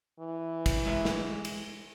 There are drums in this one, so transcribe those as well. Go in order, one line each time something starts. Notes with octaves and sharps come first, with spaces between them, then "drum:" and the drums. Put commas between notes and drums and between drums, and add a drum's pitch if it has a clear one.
E3
drum: kick, cymbal
G#3 B4 E5
drum: snare
drum: cymbal